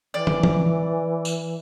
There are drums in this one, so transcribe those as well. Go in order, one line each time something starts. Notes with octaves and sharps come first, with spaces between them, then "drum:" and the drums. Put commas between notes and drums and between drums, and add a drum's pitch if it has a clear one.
E3 D5
drum: tom
drum: tom E3
drum: tambourine